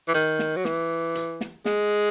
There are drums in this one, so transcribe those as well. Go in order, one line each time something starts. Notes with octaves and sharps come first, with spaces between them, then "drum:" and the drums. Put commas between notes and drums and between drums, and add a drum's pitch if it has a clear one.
E3
D#3, drum: hi-hat
drum: snare
F#3
E3, drum: snare
drum: hi-hat
drum: snare
G#3, drum: snare